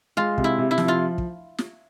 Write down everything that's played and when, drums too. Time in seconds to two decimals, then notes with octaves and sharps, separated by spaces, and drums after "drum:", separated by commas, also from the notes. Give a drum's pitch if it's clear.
0.17 G#3 F4
0.38 C3, drum: kick
0.44 E4
0.58 C3
0.71 E4
0.78 F3, drum: snare
0.88 F4
1.18 drum: kick
1.58 drum: snare